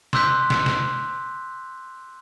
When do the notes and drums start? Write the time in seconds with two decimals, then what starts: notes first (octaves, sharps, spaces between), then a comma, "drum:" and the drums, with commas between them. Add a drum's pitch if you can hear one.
0.13 C6 D6 E6 F#6 G6 B6, drum: snare
0.50 drum: snare
0.66 drum: snare